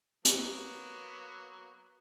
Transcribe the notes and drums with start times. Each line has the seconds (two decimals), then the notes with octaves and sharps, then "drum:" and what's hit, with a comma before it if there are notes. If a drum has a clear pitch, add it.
0.25 F#3 A#3 B3, drum: hi-hat